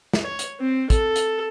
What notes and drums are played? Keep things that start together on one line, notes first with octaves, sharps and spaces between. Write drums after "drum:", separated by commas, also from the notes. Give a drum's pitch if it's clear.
drum: snare
C#5
drum: hi-hat
C4
A4, drum: kick, hi-hat
drum: hi-hat